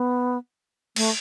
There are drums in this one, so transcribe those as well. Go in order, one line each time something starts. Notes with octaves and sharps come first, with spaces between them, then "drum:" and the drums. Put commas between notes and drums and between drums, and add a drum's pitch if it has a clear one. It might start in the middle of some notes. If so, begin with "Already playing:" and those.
Already playing: B3
A3, drum: cymbal